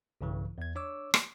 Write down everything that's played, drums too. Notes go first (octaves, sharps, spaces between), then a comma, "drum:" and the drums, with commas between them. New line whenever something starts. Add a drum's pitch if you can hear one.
B1 G2 C#3 E3
E2 G#6
D4 C#5 D6 E6
drum: rim click